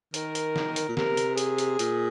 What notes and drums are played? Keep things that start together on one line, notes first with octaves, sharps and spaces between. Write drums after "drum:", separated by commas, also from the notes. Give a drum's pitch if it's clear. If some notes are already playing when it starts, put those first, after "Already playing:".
D#3 A#4, drum: hi-hat
drum: hi-hat
drum: snare
drum: hi-hat
A#2
C3 A#4, drum: snare
drum: hi-hat
G#4, drum: hi-hat
drum: hi-hat
A#2, drum: hi-hat